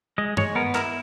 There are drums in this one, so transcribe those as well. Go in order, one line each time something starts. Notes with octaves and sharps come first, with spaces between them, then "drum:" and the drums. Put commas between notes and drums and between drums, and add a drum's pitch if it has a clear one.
G#3 D#5
G#3 C#5, drum: tom G2
B3 A#4
E4 A#4, drum: clap